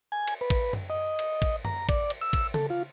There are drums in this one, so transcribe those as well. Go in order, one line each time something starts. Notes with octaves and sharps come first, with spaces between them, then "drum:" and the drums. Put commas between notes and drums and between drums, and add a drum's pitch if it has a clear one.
G#5
drum: cymbal
B4
drum: kick, cymbal
drum: tom F#2
D#5
drum: cymbal
drum: kick, cymbal
A#5, drum: tom F#2
D5, drum: kick, cymbal
drum: cymbal
E6
drum: kick, cymbal
A4, drum: tom C#3
F4